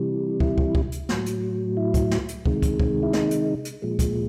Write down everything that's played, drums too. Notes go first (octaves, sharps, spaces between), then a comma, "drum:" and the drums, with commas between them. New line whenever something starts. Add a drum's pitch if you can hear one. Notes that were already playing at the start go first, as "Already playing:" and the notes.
Already playing: C3 E3 G3
E4, drum: kick
drum: kick
drum: kick
drum: hi-hat
A2 F#3, drum: snare
drum: hi-hat
E4
drum: kick, hi-hat
drum: snare
drum: hi-hat
C3 D#3 G#3, drum: kick
drum: kick, hi-hat
drum: kick
E4
D#4, drum: snare
drum: hi-hat
drum: hi-hat
A#2 F3 G#3
drum: kick, hi-hat